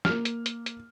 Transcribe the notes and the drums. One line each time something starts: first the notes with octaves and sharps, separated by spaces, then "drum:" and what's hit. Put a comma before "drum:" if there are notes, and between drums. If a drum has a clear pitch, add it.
A#3 F6, drum: snare
drum: hi-hat
drum: hi-hat
drum: hi-hat